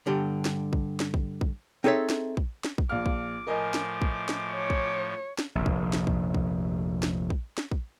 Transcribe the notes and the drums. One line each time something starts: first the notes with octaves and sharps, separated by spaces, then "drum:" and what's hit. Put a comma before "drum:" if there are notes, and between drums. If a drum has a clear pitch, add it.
G2 D3 G4
drum: snare
drum: kick
drum: snare
drum: kick
drum: kick
C4 D#4 G#4 A4 C#5 E5
drum: snare
drum: kick
drum: snare
drum: kick
A#1 F5 D6 F6
drum: kick
A2 F3 A#4 D#5 G#5
drum: snare
drum: kick
drum: snare
C#5
drum: kick
drum: snare
F1 A#1
drum: kick
drum: snare
drum: kick
drum: kick
drum: snare
drum: kick
drum: snare
drum: kick